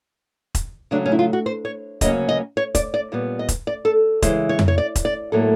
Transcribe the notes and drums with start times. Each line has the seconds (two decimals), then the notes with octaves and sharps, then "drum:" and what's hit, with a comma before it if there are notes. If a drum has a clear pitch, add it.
0.55 drum: kick E1, hi-hat
0.91 C#3 F#3 A3 D4
1.06 C#4
1.12 E4
1.19 F4
1.33 F#4
1.46 C5
1.65 C#5
2.01 D2 C#3 F#3 A#3 C#4 D#5, drum: kick E1, hi-hat
2.29 D#5
2.57 C#5
2.75 D5, drum: kick E1, hi-hat
2.94 D5
3.12 A#2 G3 B3
3.39 D#5
3.49 drum: kick E1, hi-hat
3.67 D5
3.85 A4
4.22 C#3 E3 G#3 C5, drum: kick E1, hi-hat
4.49 C#5
4.59 drum: tom F2
4.68 C#5
4.78 D5
4.96 drum: kick E1, hi-hat
5.05 D5
5.32 A2 F#3 A#3 A4